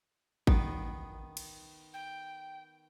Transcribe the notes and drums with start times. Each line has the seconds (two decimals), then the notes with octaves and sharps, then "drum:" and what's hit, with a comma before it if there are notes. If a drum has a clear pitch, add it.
0.47 D#3 B3, drum: kick A1
1.37 drum: cymbal
1.93 G5